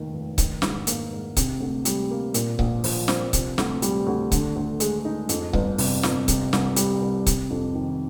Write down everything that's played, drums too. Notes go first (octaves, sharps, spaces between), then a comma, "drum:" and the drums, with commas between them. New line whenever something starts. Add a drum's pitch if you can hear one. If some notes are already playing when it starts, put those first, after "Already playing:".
Already playing: F1 D#2 D#3
F1
D#3, drum: kick C#1, hi-hat
G#2, drum: snare
A#3, drum: hi-hat
G#2
C3, drum: kick C#1, hi-hat
D2
G3, drum: hi-hat
A#3
A#2, drum: hi-hat
A#1, drum: kick C#1
F3, drum: open hi-hat
C4, drum: snare
C3, drum: kick C#1, hi-hat
D2, drum: snare
G3, drum: hi-hat
D2
D3, drum: kick C#1, hi-hat
D2
G#3, drum: hi-hat
D#4
F2, drum: hi-hat
G1, drum: kick C#1
C3, drum: open hi-hat
G1, drum: snare
C3, drum: kick C#1, hi-hat
C2, drum: snare
G3, drum: hi-hat
C2
C3, drum: kick C#1, hi-hat
F2
D#3